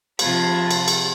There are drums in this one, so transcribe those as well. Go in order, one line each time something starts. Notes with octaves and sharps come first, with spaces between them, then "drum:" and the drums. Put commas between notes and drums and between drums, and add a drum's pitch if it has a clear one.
C3 F3 F4 A5 B5 G#6, drum: cymbal
drum: cymbal
drum: cymbal